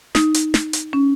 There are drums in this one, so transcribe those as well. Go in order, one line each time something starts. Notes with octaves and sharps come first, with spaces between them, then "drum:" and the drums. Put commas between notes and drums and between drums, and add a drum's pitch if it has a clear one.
D#4, drum: snare
drum: hi-hat
drum: snare
drum: hi-hat
C#4